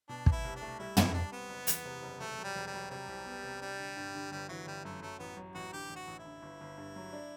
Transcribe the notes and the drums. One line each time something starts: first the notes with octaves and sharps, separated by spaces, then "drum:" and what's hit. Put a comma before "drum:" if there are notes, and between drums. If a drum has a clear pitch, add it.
B2 D4
B2, drum: kick
E4
C2
D4
A3
G3 E4
G3 E4, drum: tom
G3 D4
B3 C4
F#1
E2, drum: hi-hat
C3
F#1
E1 A3
F#3
G3
E1
G3
F#3
C3 G3
C2
B3
C3
G3 D4
D3
G2
D3
G1 G3
E3 F#3
G1 G3
F#2 A3
F#3 A3
A1 B3
F#3
A1 F#4
D3 G4
A1
F#4
A1
E4
D3
G1
G1
G2
F#3
D4